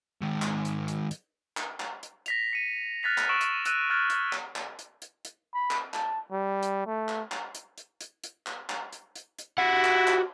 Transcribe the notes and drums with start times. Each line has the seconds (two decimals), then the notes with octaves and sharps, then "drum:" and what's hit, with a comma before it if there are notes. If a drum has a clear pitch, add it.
0.22 G#2 D#3
0.42 drum: clap
0.65 drum: hi-hat
0.88 drum: hi-hat
1.11 drum: hi-hat
1.57 drum: clap
1.80 drum: clap
2.03 drum: hi-hat
2.26 A#6 B6 F7, drum: hi-hat
2.53 C#7 D#7
3.03 F6 F#6 A6 B6 F7
3.18 drum: clap
3.29 C#6 E6 D7 E7 F#7
3.41 drum: hi-hat
3.65 E6 F#6 D#7, drum: hi-hat
3.90 F6 F#6 G#6 A6 D7
4.10 drum: hi-hat
4.33 drum: clap
4.56 drum: clap
4.79 drum: hi-hat
5.02 drum: hi-hat
5.25 drum: hi-hat
5.54 B5
5.71 drum: clap
5.94 A5, drum: clap
6.32 G3
6.63 drum: hi-hat
6.86 A3
7.09 drum: clap
7.32 drum: clap
7.55 drum: hi-hat
7.78 drum: hi-hat
8.01 drum: hi-hat
8.24 drum: hi-hat
8.47 drum: clap
8.70 drum: clap
8.93 drum: hi-hat
9.16 drum: hi-hat
9.38 drum: hi-hat
9.58 E4 F#4 G4 F#5
9.84 drum: clap
10.07 drum: clap